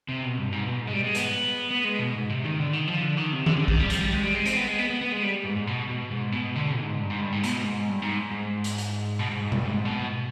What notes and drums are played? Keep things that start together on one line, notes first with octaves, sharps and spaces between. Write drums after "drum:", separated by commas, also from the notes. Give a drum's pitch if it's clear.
C3
B2
G2
G#2
B2
G#2
G#3
G3
G#3
B3, drum: hi-hat
B3
G#3
B2
G#2
C3
D#3
D3
D#3
F3
D3
D#3
C3
D3, drum: tom D#3
D3
D#3, drum: kick A#1
G3
F3, drum: hi-hat
G3
G#3
G3
G#3
C4, drum: hi-hat
B3
G#3
B3
B3
B3
G#3
G3
G#2
G#2
B2
B2
G#2
B2
D3
G#2
G2
G#2
G2
G#2
B2, drum: hi-hat
G#2
G2
G#2
G#2
drum: hi-hat
drum: hi-hat
B2
G#2
G#2
G2, drum: tom B2
G#2
B2